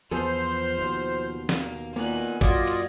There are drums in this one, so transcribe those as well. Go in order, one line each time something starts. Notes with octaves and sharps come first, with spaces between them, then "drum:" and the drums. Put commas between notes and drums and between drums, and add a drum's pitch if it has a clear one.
E2 F3 B3 G#4 A4 C5 C6 F6
D#2 B2
A#3, drum: snare
A#2 D#3 A#3 B3 G#5 F#6
F#2 A#2 F4 F#4 D5 D#5 G#6, drum: kick
drum: cymbal